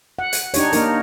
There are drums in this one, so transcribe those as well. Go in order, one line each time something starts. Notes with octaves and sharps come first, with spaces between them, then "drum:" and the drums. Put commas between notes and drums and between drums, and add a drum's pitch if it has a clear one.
F#5
drum: hi-hat
D4 D#4 G4 C#5, drum: hi-hat
A#3 D4 D#4 A#4, drum: hi-hat